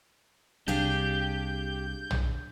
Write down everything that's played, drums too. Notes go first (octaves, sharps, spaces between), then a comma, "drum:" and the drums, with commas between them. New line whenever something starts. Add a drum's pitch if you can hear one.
C2 D4 G4 G#4 F5 G6
drum: tom